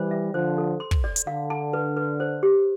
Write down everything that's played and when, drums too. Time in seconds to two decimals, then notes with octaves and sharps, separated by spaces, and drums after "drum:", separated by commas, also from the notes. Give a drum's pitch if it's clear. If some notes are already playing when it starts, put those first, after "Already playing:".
Already playing: E3 G3 C5
0.11 E5
0.34 D3 F3 C5
0.58 A4
0.80 C6
0.91 drum: kick
1.04 D5
1.16 drum: hi-hat
1.27 D3 F5
1.50 A5
1.73 B4
1.97 B4
2.20 C5
2.43 G4